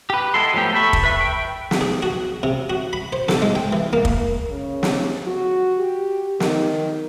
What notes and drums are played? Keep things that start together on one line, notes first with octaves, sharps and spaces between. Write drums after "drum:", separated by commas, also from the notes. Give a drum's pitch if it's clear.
G4 B4
G#3 B3 E4 A4 C6
F3 F#3 A3 B3 G4
A4 E5 G5 B5 C#6
drum: kick
B4 E5 C#6
G5
drum: snare
G#4
F#4
C3
F#4
B5
C5
A4, drum: snare
G#3
G5
E3
A#3
drum: kick
C#3
drum: snare
F#4
G4
D#3, drum: snare